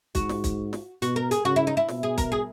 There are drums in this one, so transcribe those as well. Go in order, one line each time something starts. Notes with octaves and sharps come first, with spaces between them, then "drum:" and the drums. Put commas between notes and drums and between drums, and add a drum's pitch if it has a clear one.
G#2 F#4, drum: kick B1, hi-hat
drum: snare
drum: kick B1, hi-hat
drum: snare
B2 F#4, drum: hi-hat
A#4
G#4, drum: hi-hat
C#3 F#4
E4
D#4
E4
B2, drum: snare
G#4
A#4, drum: kick B1, hi-hat
G#4